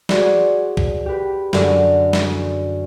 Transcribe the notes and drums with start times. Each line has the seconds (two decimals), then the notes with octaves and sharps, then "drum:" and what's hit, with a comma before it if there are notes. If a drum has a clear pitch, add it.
0.09 F#4 G#4 C5 D5, drum: snare
0.77 drum: kick
1.06 G4 B4
1.53 F#2 D3 F#3 D4 A4, drum: snare
2.13 drum: snare